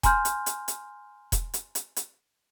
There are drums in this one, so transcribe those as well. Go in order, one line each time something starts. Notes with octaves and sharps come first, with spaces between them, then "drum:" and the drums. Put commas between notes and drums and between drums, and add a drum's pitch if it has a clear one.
G#5 A#5 C6 F6 G6, drum: kick E1, hi-hat
drum: hi-hat
drum: hi-hat
drum: hi-hat
drum: kick E1, hi-hat
drum: hi-hat
drum: hi-hat
drum: hi-hat